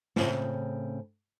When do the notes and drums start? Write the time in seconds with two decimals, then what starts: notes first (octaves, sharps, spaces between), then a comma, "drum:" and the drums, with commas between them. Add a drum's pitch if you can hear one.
0.16 A2 C#3 C4, drum: snare